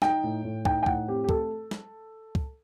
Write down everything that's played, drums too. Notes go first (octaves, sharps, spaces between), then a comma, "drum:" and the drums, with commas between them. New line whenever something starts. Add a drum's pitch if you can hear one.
D#4 G5, drum: snare
A2
A2
D#4 G5, drum: kick
G5
A2 F#5, drum: kick
C4 G4
G4
A3 A4, drum: kick
drum: snare
drum: kick